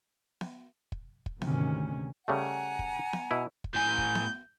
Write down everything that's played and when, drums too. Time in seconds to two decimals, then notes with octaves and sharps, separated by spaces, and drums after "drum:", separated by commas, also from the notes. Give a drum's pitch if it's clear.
0.41 drum: snare B3
0.92 drum: kick
1.26 drum: kick
1.42 D2 G#2 C3 D#3 C#4, drum: snare B3
2.28 C#3 G3 A3 F#5 G#5 A#5
2.79 drum: kick
3.13 drum: snare B3
3.31 B2 E4
3.64 drum: kick
3.74 A2 G#5 G6
3.98 drum: kick
4.15 drum: snare B3